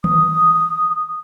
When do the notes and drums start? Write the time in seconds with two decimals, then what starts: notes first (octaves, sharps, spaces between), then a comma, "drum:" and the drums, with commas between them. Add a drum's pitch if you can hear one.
0.04 D#6, drum: tom D#3